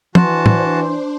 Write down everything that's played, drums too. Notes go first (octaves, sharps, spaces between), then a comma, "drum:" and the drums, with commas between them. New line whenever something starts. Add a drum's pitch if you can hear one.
E3 D4 F#4 C5 A5 C6, drum: tom
drum: tom